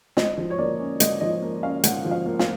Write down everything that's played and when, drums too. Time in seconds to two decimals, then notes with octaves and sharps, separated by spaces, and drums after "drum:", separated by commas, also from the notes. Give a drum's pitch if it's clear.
0.17 G#2 D#5, drum: snare
0.38 F3
0.50 C#5
0.58 A#3 D5
0.79 C#4
1.00 G#2 D#5, drum: hi-hat
1.21 F3 D#5
1.42 A#3
1.63 C#4 F5
1.84 G#2 F#5, drum: hi-hat
2.05 F3
2.11 F5
2.26 A#3
2.39 F5, drum: snare